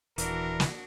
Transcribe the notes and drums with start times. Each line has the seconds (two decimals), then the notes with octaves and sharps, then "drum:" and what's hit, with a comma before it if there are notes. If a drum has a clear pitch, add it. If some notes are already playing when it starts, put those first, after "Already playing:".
0.18 D#1 E3 D4 F#4 A#4, drum: hi-hat
0.60 drum: snare